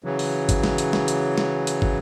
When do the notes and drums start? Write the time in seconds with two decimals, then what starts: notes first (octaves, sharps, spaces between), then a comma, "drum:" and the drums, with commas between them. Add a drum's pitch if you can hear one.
0.04 C#3 E3 F#3
0.19 drum: open hi-hat
0.49 drum: kick, hi-hat
0.64 drum: snare
0.78 drum: hi-hat
0.93 drum: snare
1.08 drum: hi-hat
1.38 drum: snare
1.67 drum: hi-hat
1.82 drum: kick